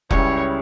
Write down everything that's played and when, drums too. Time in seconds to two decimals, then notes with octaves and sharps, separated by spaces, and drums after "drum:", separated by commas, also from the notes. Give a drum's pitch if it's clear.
0.11 C#2 C#3 G3 C#4 E4 C#5, drum: kick F1